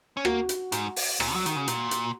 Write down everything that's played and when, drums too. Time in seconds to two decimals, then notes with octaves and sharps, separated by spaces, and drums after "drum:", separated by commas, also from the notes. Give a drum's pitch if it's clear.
0.17 C#4
0.25 A#3 F#4, drum: rim click
0.49 drum: hi-hat
0.72 G#2, drum: hi-hat
0.96 drum: open hi-hat
1.20 A#2, drum: rim click
1.34 F#3
1.46 D#3, drum: hi-hat
1.56 C#3
1.68 A#2, drum: hi-hat
1.91 drum: hi-hat